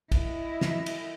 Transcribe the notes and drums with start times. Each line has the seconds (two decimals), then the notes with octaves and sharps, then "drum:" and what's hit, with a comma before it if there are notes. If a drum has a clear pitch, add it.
0.12 E4 D#5, drum: kick, cymbal
0.61 drum: snare
0.86 drum: cymbal